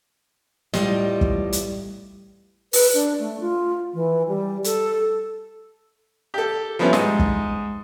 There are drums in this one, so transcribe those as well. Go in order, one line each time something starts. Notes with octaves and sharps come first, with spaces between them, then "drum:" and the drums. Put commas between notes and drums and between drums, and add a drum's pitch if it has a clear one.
E2 A2 D#3 G3 F4 D#5, drum: snare
drum: kick
drum: hi-hat
B4, drum: open hi-hat
D4
A3
F4
E3
G3
A4, drum: hi-hat
G4 A4
F3 G3 B3 C#4 E4
G#2 D#5, drum: snare
drum: kick